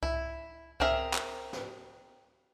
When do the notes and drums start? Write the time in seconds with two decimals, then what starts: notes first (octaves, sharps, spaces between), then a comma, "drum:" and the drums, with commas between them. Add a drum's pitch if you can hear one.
0.03 E4, drum: kick C2
0.80 C4 G#4 A#4 E5, drum: kick C2
1.14 drum: clap
1.53 drum: snare